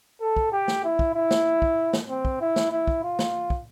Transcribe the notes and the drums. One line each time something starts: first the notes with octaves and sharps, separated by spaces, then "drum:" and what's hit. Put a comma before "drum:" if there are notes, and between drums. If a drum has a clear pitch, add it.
A4
drum: kick
G4
drum: snare
E4
drum: kick
E4
drum: snare
drum: kick
drum: snare
C4
drum: kick
E4
drum: snare
E4
drum: kick
F4
drum: snare
drum: kick